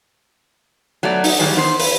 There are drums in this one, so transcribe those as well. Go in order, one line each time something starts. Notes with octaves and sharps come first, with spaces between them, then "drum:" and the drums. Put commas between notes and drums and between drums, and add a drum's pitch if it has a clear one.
F#3 A3 B3 D5
D#4, drum: open hi-hat
A2 D#3 F#3 G3 G#4
E2 D#3 B3 D#4 C5
B4, drum: open hi-hat